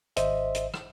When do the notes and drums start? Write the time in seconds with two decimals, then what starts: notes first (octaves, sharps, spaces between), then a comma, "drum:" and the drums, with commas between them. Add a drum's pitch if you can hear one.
0.17 G#1 C5 D#5 E5, drum: hi-hat
0.55 drum: hi-hat
0.74 drum: rim click